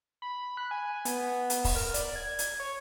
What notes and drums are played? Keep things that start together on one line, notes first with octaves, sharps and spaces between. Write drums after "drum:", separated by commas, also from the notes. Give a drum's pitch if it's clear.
B5
F#6
G#5
B3, drum: hi-hat
drum: hi-hat
drum: kick, open hi-hat
A#4
D5, drum: hi-hat
G#6
drum: hi-hat
C#5